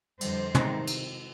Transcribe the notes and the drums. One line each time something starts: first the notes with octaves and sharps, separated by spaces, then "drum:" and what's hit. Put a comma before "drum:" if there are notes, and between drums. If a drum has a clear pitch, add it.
F2 D3 G3 C5, drum: cymbal
C3 D#3 G#3 C4 D#4, drum: tom
drum: cymbal